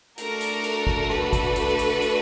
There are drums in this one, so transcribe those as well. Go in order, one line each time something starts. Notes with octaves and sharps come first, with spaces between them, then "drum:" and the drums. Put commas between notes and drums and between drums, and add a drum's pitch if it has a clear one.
A3 D4 F#4 A4 A#4, drum: hi-hat
drum: hi-hat
drum: hi-hat
drum: kick
B4, drum: rim click
drum: kick, hi-hat
drum: hi-hat
drum: hi-hat
drum: hi-hat